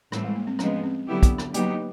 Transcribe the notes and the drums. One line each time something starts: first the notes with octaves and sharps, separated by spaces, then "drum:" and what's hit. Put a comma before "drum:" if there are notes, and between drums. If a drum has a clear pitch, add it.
A2 E3 G3 A3 C4, drum: rim click
G#3
A#3
C4
F3 G#3 B3 C#4, drum: rim click
C4
D3 F#3 B3 E4 G4
drum: kick, hi-hat
drum: rim click
F#3 A#3 B3 D#4 G4, drum: hi-hat